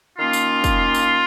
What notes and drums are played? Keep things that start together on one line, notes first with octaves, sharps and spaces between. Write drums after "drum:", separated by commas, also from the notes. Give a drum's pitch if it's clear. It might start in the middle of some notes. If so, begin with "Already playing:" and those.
D#3 A#3 C#4 F4
drum: tambourine
drum: kick, tambourine
drum: tambourine